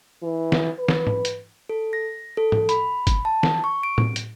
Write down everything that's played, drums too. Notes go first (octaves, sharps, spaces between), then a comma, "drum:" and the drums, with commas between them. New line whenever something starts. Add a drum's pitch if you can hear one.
E3
drum: snare
B4
drum: snare
drum: tom
drum: hi-hat
A4
A#6
A4
drum: tom
B5, drum: hi-hat
drum: kick, hi-hat
A5
drum: snare
C#6
D7
drum: tom A2
drum: hi-hat